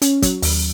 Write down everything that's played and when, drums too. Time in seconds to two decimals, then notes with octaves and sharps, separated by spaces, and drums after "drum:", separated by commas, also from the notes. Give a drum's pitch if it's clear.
0.02 C#4, drum: hi-hat
0.22 F#3, drum: kick, hi-hat
0.42 D#2, drum: open hi-hat